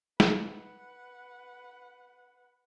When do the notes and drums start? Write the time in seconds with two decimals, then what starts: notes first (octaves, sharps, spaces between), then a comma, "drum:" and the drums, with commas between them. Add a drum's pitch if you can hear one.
0.20 B4 F#5, drum: snare